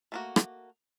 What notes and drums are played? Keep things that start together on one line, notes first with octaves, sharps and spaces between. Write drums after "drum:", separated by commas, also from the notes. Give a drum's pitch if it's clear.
A3 A#3 F#4
drum: rim click